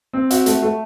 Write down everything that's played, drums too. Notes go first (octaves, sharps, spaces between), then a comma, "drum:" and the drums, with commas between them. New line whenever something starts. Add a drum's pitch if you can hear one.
C4
F#4, drum: hi-hat
A3, drum: hi-hat
A3